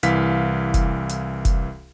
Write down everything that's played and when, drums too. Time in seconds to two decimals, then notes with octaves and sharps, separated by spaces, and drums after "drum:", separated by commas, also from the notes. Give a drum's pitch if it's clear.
0.03 C2 E3 F5 B6, drum: hi-hat
0.74 drum: kick F1, hi-hat
1.09 drum: hi-hat
1.45 drum: kick F1, hi-hat